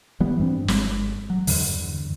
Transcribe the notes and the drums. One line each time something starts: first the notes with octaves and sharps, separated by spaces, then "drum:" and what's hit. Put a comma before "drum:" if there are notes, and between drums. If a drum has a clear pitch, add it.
E3 G3 B3
G2 C4 D4
G1 G#3, drum: snare
F#3
E2 G2 D3, drum: open hi-hat